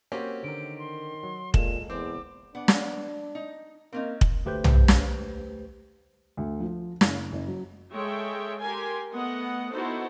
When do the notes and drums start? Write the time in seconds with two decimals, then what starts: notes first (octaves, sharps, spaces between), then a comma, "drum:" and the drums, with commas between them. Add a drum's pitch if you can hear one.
0.12 A#3 C4 C#4 F#4 G4 A#4
0.44 D3 D#3 A#4 D7
0.79 C6
1.23 F#3
1.54 A#2 G#3 A#3 A4 E7, drum: kick
1.90 E2 C4 D6
2.55 B3 D4 D5
2.68 drum: snare
3.35 D#4
3.93 A#3 C4 C#4 D#4
4.21 drum: kick
4.45 D2 A3 G4 B4 C5 G6
4.64 drum: tom B1
4.88 drum: snare
6.37 D2
6.60 F3
7.01 F#1, drum: snare
7.32 F#1
7.47 F#3
7.93 G#3 A4 C#5 E5 G5
8.60 G4 A#4 G#5 C6
9.14 A3 B3 D#5 F#5
9.72 B3 D#4 E4 F#4 A4 C5